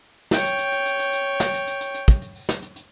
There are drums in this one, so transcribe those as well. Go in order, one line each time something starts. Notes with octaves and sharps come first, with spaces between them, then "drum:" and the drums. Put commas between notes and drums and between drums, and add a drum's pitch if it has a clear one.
C#5 G5, drum: snare
drum: hi-hat
drum: hi-hat
drum: hi-hat
drum: hi-hat
drum: hi-hat
drum: hi-hat
drum: snare
drum: hi-hat
drum: hi-hat
drum: hi-hat
drum: hi-hat
drum: kick, hi-hat
drum: hi-hat
drum: open hi-hat
drum: snare
drum: hi-hat
drum: hi-hat